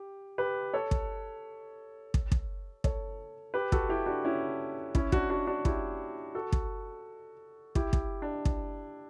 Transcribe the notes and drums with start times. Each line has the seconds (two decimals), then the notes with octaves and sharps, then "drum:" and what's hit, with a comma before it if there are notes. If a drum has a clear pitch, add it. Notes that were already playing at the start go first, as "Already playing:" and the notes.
Already playing: G4
0.38 G4 B4
0.74 A4 C#5
0.91 drum: kick
2.14 drum: kick
2.32 drum: kick
2.84 A4 C#5, drum: kick
3.54 G4 B4
3.72 F#4 A4, drum: kick
3.89 E4 G4
4.06 D4 F#4
4.25 C#4 E4
4.95 C#4 E4, drum: kick
5.12 D4 F#4, drum: kick
5.30 D4 F#4
5.47 D4 F#4
5.65 E4 G4, drum: kick
6.35 F#4 A4
6.52 drum: kick
7.75 E4 G4, drum: kick
7.93 drum: kick
8.22 D4
8.45 drum: kick